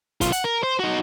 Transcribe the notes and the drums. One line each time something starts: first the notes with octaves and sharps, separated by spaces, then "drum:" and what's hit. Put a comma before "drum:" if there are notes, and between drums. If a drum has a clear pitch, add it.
B1 F4, drum: kick, hi-hat
F#5, drum: hi-hat
A#4
C5
D#4 F#4